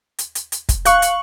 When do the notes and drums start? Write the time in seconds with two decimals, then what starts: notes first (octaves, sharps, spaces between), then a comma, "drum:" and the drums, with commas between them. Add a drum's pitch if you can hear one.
0.19 drum: hi-hat
0.35 drum: hi-hat
0.52 drum: hi-hat
0.69 drum: kick, hi-hat
0.85 F5 C#6 F#6, drum: hi-hat
1.02 drum: hi-hat